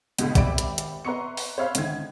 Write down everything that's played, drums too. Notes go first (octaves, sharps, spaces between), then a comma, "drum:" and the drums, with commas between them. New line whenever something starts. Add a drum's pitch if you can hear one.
C#2 B2 D3, drum: hi-hat
G#1 G4 D5 E5 B5 D7, drum: kick, hi-hat
drum: hi-hat
drum: hi-hat
B4 E5 A#5 C6 C#6 C#7
drum: open hi-hat
C5 C#5 E5 F5 B5 C6
C#2 D3 D#3 G#6, drum: hi-hat